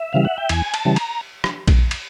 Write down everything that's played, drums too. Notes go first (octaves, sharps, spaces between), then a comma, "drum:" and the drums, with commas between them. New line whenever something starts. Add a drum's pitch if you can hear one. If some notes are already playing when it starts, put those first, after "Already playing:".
Already playing: E5
C#3 E3 G3 F5
F#5
G5
E2 G#5, drum: cymbal
A5, drum: cymbal
C#3 E3 G3
A#5, drum: cymbal
drum: rim click
drum: kick A#1, cymbal
drum: cymbal